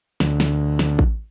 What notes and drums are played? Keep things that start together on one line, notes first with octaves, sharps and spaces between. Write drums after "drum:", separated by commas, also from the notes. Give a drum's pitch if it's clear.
D2, drum: snare
drum: snare
drum: snare
drum: kick